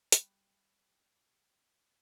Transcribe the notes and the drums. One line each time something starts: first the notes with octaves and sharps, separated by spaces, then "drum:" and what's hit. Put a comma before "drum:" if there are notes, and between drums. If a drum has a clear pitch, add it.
G3 G5 B5 F#6, drum: hi-hat